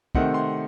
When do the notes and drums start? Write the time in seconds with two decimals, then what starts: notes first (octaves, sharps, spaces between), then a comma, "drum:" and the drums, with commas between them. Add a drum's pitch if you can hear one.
0.15 C3 D#3 A3 C4 F#5, drum: kick
0.34 C6